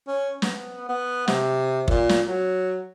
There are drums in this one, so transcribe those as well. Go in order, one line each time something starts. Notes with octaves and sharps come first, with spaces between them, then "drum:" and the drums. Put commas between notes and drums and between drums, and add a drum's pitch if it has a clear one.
C#4
B3, drum: snare
B3
C3, drum: snare
A#2, drum: kick
drum: snare
F#3